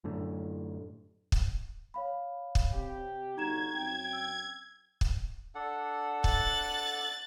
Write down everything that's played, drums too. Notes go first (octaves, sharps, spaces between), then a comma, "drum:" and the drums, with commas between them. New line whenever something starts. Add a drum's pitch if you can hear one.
F#2 A2 D3
drum: kick
C#5 F5 B5
drum: kick
C3 G4
G1 D#4 F#4 A#5 G#6 E7
F#2 C4 G5
E6
drum: kick
D4 A4 F#5
F#6 A6, drum: kick